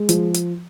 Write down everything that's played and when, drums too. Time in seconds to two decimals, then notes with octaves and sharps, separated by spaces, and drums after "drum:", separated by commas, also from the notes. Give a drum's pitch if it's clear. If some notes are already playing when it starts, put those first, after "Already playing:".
Already playing: G#3
0.09 F3, drum: hi-hat
0.34 drum: hi-hat